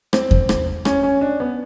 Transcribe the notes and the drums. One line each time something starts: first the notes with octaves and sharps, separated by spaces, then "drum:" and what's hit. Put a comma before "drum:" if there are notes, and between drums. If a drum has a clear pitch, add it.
C4, drum: rim click
drum: kick E2
drum: rim click
C#4, drum: rim click
C#4
D4
B3